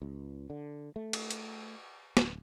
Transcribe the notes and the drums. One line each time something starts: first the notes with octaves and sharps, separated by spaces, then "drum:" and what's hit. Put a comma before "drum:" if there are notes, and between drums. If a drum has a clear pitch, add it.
C#2
D3
A3
drum: cymbal
drum: hi-hat
D1, drum: snare